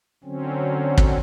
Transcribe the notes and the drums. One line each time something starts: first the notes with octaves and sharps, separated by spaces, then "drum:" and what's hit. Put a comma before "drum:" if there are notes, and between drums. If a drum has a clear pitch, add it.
D3 F#3 C4 C#4
drum: kick